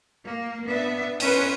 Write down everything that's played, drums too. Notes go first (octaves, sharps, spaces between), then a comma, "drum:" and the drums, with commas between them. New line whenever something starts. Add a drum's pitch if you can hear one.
A#3
B3 D4 E5
C#4 B4 C5, drum: cymbal